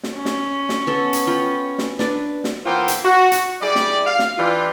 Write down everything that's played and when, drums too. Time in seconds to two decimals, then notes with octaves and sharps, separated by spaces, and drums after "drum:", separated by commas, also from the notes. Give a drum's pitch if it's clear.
0.03 drum: snare
0.16 C#4
0.25 drum: snare
0.69 drum: snare
0.87 B3 A4
1.13 drum: hi-hat
1.27 F4 G5 B5
1.78 drum: snare
1.99 D4 B4 D5, drum: snare
2.44 drum: snare
2.66 E3 A#3 B3 F4 C5 G5
2.88 drum: hi-hat
3.05 F#4
3.32 drum: hi-hat
3.62 G3 E4 G4 G#4 D5
3.75 drum: snare
4.07 F5
4.19 drum: snare
4.38 E3 G3 D4 F4